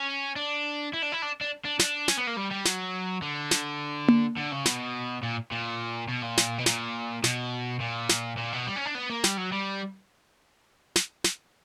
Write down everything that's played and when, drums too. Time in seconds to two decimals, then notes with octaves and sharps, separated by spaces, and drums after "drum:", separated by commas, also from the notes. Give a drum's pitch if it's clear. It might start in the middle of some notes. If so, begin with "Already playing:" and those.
Already playing: C#4
0.36 D4
0.93 E4
1.02 D4
1.12 E4
1.22 D4
1.41 D4
1.65 D4
1.79 D4, drum: snare
2.08 C#4, drum: snare
2.17 B3
2.27 A#3
2.36 G3
2.51 G3
2.65 F#3, drum: snare
3.22 D3
3.51 drum: snare
4.08 drum: tom A#3
4.37 D3
4.51 C#3
4.65 B2, drum: snare
5.23 A#2
5.52 A#2
6.09 B2
6.23 A#2
6.37 drum: snare
6.58 B2
6.66 A#2, drum: snare
7.24 B2, drum: snare
7.81 A#2
8.09 drum: snare
8.38 A#2
8.53 B2
8.67 G3
8.76 C#4
8.85 D4
8.95 B3
9.10 A#3
9.24 G3, drum: snare
9.38 F#3
9.52 G3
10.96 drum: snare
11.24 drum: snare